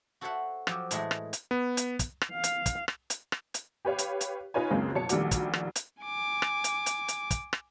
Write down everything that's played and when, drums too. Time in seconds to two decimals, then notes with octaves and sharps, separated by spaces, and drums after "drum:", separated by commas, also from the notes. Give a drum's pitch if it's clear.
0.21 F#4 A4 C5 C#5 E5 F#5
0.67 F3 F#3 G4, drum: rim click
0.91 A2 E3 G#3 A3 E4 G#4, drum: hi-hat
1.11 drum: rim click
1.33 drum: hi-hat
1.51 B3
1.77 drum: hi-hat
1.99 drum: kick, hi-hat
2.22 drum: rim click
2.32 F5
2.44 drum: hi-hat
2.66 drum: kick, hi-hat
2.88 drum: rim click
3.10 drum: hi-hat
3.32 drum: rim click
3.54 drum: hi-hat
3.85 G4 B4 C#5 F5
3.99 drum: hi-hat
4.21 drum: hi-hat
4.54 D#4 F4 B4 C#5 G#5
4.71 C#2 F#2 C#3 G#3 A#3 C4
4.94 F#1 B2 C#5 A5 C#7
5.09 A#1 D#3 G3 A3 F#4 D6, drum: hi-hat
5.31 drum: kick, hi-hat
5.54 drum: rim click
5.76 drum: hi-hat
6.02 G#5 D6
6.42 drum: rim click
6.64 drum: hi-hat
6.86 drum: hi-hat
7.08 drum: hi-hat
7.31 drum: kick, hi-hat
7.53 drum: rim click